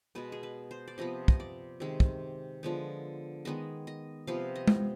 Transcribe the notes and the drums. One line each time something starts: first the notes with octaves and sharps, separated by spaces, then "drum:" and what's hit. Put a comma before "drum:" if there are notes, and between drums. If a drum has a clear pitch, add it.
B2 G#3 B3 B4
G#4
B4
C5
D5
C3 F3 B3 D#5
D#5, drum: kick
D5
C3 D#3 G#3
drum: kick
D3 F3 G#3 B3
D#3 G#3 B3 D#5
D#5
C3 F3 B3 F5
D#5
drum: tom G#3